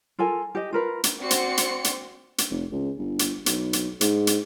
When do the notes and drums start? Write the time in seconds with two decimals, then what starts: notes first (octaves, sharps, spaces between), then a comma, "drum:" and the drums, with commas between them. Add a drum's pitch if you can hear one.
0.19 F4 A4 A#4 G#5
0.55 G4 D#5
0.73 F4 A#4 B4
1.04 drum: hi-hat
1.21 C4 F#4 D5 C6 C#7
1.31 drum: hi-hat
1.57 drum: hi-hat
1.84 drum: hi-hat
2.38 drum: hi-hat
2.51 F1
2.72 C#2
2.97 G1
3.19 drum: hi-hat
3.46 B1, drum: hi-hat
3.73 drum: hi-hat
4.01 G#2, drum: hi-hat
4.27 drum: hi-hat